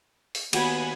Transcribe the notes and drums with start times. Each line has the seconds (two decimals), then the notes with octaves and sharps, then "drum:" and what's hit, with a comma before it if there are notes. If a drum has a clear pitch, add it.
0.35 drum: open hi-hat
0.53 D#2 B3 F#4 G5 G#5 B5, drum: cymbal